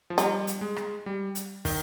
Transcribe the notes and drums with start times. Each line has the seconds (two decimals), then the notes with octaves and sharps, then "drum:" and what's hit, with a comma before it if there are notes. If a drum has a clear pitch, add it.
0.10 F3
0.18 G3 D#4, drum: hi-hat
0.47 drum: hi-hat
0.61 G#3
0.76 drum: rim click
1.06 G3
1.35 drum: hi-hat
1.65 D#3, drum: kick, open hi-hat